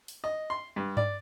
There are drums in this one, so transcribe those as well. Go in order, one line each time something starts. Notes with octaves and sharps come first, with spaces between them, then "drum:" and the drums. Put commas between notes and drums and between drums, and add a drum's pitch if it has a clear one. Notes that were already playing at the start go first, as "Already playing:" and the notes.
drum: open hi-hat
D#5
C6
G2
D5, drum: tom G2